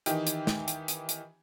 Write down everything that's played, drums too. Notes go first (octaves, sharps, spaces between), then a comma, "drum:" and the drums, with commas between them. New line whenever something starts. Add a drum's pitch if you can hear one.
D#3 E3 D#4 G4, drum: hi-hat
drum: hi-hat
drum: snare
drum: hi-hat
drum: hi-hat
drum: hi-hat